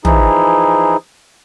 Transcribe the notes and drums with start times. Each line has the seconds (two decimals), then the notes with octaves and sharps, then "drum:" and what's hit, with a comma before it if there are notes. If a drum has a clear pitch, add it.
0.05 E3 F3 D#4 E4 G#4, drum: tom